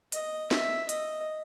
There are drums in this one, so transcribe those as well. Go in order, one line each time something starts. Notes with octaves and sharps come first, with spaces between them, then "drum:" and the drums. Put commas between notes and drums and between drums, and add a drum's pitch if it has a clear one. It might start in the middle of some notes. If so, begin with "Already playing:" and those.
D#5, drum: hi-hat
E5, drum: snare
D#5, drum: hi-hat